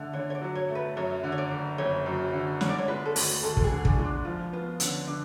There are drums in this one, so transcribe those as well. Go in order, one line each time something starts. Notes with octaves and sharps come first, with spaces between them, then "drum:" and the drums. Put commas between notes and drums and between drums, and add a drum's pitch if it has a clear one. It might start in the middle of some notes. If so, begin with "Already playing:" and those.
Already playing: D3 A3
D3 C#5
C#5
D5
F#3
C#5
A3
B4
F#2 C#5
D3
C#5
D5
F#1
F#1 C#5
F#2
D3
D3 C#5, drum: snare
D5
C#5
G#3 B4
A4
D2 B4, drum: open hi-hat
D2 A4
A4, drum: kick
G#4
D3
D4, drum: kick
G#3
D4
F3 F4
B3 F4
D3 C#4, drum: hi-hat
D3 D4